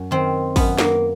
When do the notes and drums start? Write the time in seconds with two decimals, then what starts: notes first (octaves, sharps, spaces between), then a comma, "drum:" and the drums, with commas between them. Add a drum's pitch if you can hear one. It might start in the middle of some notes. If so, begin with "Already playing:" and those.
Already playing: F#2
0.11 D#3 C4
0.56 F#2 B3, drum: kick G#1, open hi-hat
0.78 A#3, drum: snare